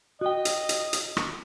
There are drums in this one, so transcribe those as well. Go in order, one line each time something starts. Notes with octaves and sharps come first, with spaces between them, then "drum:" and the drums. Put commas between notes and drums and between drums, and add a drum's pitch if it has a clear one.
F#4 D#5 G5
drum: hi-hat
drum: hi-hat
drum: hi-hat
drum: rim click